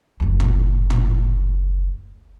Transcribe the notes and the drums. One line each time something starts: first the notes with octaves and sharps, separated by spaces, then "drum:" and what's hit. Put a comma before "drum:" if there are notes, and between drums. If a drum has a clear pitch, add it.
F#1 D2
drum: tom
drum: tom